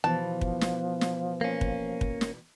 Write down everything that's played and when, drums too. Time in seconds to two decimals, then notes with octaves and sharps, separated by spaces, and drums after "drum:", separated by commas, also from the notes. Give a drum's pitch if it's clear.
0.04 B2 E3 F3 A5
0.41 drum: kick
0.61 drum: snare
1.01 drum: snare
1.41 A#3 C#4
1.61 drum: kick
2.01 drum: kick
2.21 drum: snare